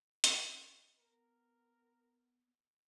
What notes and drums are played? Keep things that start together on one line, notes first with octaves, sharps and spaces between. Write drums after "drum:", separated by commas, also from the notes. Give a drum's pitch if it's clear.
drum: hi-hat
B3 A#4